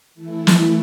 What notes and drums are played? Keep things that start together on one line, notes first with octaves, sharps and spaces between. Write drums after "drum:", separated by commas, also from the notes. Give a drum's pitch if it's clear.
E3 A3 E4
drum: snare